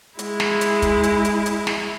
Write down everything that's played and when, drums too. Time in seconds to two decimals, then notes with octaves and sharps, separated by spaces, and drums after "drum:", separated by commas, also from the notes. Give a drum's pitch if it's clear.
0.19 G#3 E4, drum: hi-hat
0.40 drum: snare
0.61 drum: hi-hat
0.82 drum: kick, hi-hat
1.03 drum: hi-hat
1.25 drum: hi-hat
1.46 drum: hi-hat
1.67 drum: snare